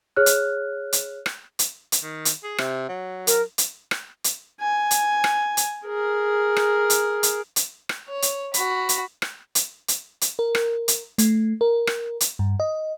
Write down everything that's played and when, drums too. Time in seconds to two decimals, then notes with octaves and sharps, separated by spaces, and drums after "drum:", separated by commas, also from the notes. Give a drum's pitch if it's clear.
0.16 G#4 C#5 F6 F#6
0.26 drum: hi-hat
0.93 drum: hi-hat
1.26 drum: rim click
1.59 drum: hi-hat
1.92 drum: hi-hat
2.03 D#3
2.25 drum: hi-hat
2.43 G#4
2.58 C3, drum: rim click
2.89 F#3
3.27 A#4, drum: hi-hat
3.58 drum: hi-hat
3.91 drum: rim click
4.24 drum: hi-hat
4.61 G#5
4.91 drum: hi-hat
5.24 drum: rim click
5.57 drum: hi-hat
5.85 G#4 A#4
6.57 drum: rim click
6.90 drum: hi-hat
7.23 drum: hi-hat
7.56 drum: hi-hat
7.89 drum: rim click
8.08 C#5
8.22 drum: hi-hat
8.54 F#4 B5, drum: hi-hat
8.89 drum: hi-hat
9.22 drum: rim click
9.55 drum: hi-hat
9.88 drum: hi-hat
10.21 drum: hi-hat
10.39 A#4
10.55 drum: rim click
10.88 drum: hi-hat
11.18 A3, drum: hi-hat
11.61 A#4
11.87 drum: rim click
12.20 drum: hi-hat
12.39 G2
12.60 D#5